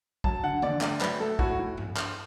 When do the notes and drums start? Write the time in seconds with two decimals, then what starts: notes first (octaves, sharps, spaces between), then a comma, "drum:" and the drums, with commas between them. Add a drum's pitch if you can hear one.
0.24 F#3 A5, drum: kick
0.43 D3 F#5
0.62 D3 D5, drum: tom
0.81 A3 D5, drum: clap
1.01 F#3 B4, drum: clap
1.20 A3 A4
1.39 A2 F#4, drum: kick
1.59 A2
1.77 drum: tom G2
1.97 drum: clap